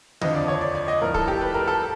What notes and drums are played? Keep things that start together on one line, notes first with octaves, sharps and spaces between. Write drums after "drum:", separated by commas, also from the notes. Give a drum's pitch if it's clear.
F2 D3 F3 D#5, drum: tom D3
D5
C#5
D5
D5
D#5
A2 F3 A#4
A4, drum: kick
G4
B4
A#4
A4